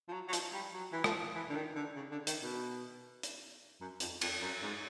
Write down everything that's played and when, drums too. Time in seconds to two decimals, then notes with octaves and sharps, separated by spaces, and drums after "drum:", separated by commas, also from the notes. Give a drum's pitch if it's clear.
0.08 F3
0.12 F#3
0.28 F#3
0.33 F3, drum: hi-hat
0.53 G3
0.74 F#3
0.93 E3
1.04 F3, drum: rim click
1.35 E3
1.50 D3
1.55 D#3
1.75 D3
1.96 C#3
2.12 D3
2.27 D#3, drum: hi-hat
2.42 B2
3.23 drum: hi-hat
3.81 F#2
4.00 F2, drum: hi-hat
4.21 F2, drum: cymbal
4.42 F#2
4.63 G#2